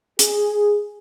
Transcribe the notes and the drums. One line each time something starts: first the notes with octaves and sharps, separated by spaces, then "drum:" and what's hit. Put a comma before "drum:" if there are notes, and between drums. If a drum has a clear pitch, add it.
G#4, drum: hi-hat